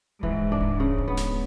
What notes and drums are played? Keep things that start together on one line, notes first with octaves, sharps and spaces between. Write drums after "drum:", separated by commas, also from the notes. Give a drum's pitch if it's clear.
G#2 E3, drum: kick D1
D4
drum: kick D1
C#3
drum: kick D1
B3
drum: snare